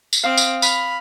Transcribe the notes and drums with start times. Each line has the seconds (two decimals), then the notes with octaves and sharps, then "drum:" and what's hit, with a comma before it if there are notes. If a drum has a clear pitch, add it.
0.13 drum: tambourine
0.23 C4 F5 D#6 D7
0.37 drum: tambourine
0.62 B5 F6, drum: tambourine